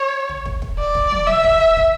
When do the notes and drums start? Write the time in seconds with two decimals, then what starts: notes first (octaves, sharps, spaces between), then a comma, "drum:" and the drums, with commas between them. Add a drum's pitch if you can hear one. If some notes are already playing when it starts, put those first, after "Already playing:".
Already playing: C#5
0.29 drum: tom
0.46 drum: kick
0.62 drum: kick
0.79 D5
0.95 drum: kick
1.11 drum: tom
1.27 E5, drum: tom
1.44 drum: kick
1.77 drum: kick